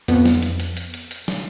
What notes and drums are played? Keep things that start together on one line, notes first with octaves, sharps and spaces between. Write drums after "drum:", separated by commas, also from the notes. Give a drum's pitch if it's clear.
F2 B3, drum: hi-hat
drum: snare
drum: hi-hat
drum: hi-hat
drum: hi-hat
drum: hi-hat
drum: hi-hat
drum: snare